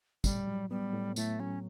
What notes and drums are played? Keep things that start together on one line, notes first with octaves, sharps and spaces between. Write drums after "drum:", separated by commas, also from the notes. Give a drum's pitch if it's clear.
A2 G3, drum: kick, tambourine
F#3
G3 B3
A2
A2 A3, drum: tambourine
F#3 C#4